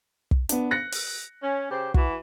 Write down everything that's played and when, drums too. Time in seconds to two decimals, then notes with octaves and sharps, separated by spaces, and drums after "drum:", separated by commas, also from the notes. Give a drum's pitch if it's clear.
0.31 drum: kick
0.49 B3 D4, drum: hi-hat
0.71 F#6 A#6 C#7
0.92 drum: open hi-hat
1.41 C#4
1.70 C#3 G4 C5
1.94 E3 F#4, drum: kick